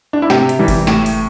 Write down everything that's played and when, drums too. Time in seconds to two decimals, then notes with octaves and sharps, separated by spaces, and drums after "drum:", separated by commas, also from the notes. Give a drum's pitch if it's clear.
0.13 D4
0.22 E4
0.30 C3 G4, drum: snare
0.49 drum: hi-hat
0.59 E3 G3
0.68 drum: kick G1, open hi-hat
0.87 A2, drum: snare
1.06 drum: open hi-hat